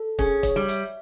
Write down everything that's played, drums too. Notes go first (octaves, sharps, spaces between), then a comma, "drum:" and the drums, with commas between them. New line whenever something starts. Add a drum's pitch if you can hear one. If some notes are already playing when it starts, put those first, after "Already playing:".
Already playing: A4
C#4 G#4, drum: kick
C#5, drum: kick, hi-hat
G3
E5, drum: hi-hat